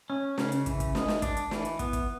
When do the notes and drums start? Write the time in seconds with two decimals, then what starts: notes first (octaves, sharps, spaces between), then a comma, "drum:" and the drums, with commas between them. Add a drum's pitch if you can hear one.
0.10 C#4
0.38 C#3, drum: snare
0.52 drum: hi-hat
0.66 E3, drum: kick, hi-hat
0.80 drum: kick, hi-hat
0.95 G#3, drum: snare
1.08 drum: snare
1.22 D4, drum: kick, hi-hat
1.37 drum: hi-hat
1.51 E3, drum: snare
1.65 drum: hi-hat
1.79 B3, drum: kick, hi-hat
1.93 drum: kick, hi-hat